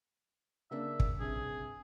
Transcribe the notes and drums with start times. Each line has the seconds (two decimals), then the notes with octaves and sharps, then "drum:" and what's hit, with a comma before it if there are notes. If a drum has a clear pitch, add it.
0.71 C#3 A#3 D4 E5
1.00 drum: kick
1.20 G2 C3 G#4